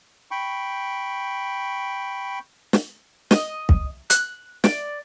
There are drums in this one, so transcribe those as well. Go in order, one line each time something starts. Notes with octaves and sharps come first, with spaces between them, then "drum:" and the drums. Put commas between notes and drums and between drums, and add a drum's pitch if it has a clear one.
G5 B5 C#6
drum: snare
D#5, drum: snare
drum: kick
F#6, drum: hi-hat
D5, drum: snare